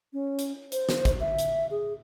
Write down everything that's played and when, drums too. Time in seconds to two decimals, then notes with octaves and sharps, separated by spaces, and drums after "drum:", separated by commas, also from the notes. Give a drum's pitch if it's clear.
0.13 C#4
0.39 drum: hi-hat
0.72 C5, drum: hi-hat
0.89 drum: snare
1.05 drum: kick, hi-hat
1.20 E5
1.39 drum: hi-hat
1.71 G#4